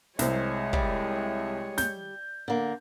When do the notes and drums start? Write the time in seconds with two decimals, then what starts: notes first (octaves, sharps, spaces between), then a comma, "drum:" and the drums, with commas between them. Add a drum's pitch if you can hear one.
0.19 C2 C3 G#3 C5 C#5, drum: snare
0.73 G3, drum: kick
1.78 G6, drum: snare
2.48 D3 A#3